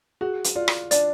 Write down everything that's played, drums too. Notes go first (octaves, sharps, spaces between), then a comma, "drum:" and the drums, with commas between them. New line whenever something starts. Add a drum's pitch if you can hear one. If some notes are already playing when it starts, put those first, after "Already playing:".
F#4 G#4
drum: hi-hat
F4 D5
drum: rim click
D4 D5, drum: hi-hat